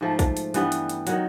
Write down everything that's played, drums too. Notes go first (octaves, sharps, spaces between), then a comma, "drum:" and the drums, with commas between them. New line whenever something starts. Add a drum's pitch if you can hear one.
G#2 F3 A3
drum: kick B1, hi-hat
drum: hi-hat
G2 E3 G3 B3, drum: hi-hat
drum: hi-hat
drum: hi-hat
D#3 F#3, drum: hi-hat